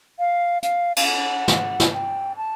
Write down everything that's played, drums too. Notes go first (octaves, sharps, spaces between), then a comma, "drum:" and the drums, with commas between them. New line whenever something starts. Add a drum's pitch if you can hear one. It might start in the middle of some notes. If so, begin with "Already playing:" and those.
F5
F5, drum: hi-hat
F5, drum: cymbal
F#5
drum: snare
drum: snare
G5
A5